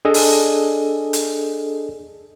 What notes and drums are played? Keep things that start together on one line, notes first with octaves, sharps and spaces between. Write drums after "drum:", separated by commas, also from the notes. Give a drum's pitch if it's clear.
D4 G#4 A4 D#5
drum: open hi-hat
drum: hi-hat